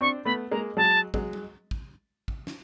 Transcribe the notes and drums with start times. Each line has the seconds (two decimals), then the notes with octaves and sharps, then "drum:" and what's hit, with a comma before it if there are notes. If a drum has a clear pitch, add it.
0.01 C4 D4 C#6
0.25 A3 B3 B5
0.51 G#3 A#3 A#5
0.77 F#3 G#3 A5
1.14 F#3 G#3, drum: kick
1.33 drum: tom G3
1.71 drum: kick
2.28 drum: kick
2.47 drum: snare